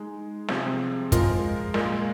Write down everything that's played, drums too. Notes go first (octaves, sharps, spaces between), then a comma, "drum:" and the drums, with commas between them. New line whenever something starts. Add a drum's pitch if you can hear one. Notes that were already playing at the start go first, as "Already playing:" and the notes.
Already playing: G#3 D#4 G#4
C3 F3 C4 G#4, drum: snare
F3 G#3 F4 A#4, drum: kick, hi-hat
A#2 G#3 F4 A#4, drum: snare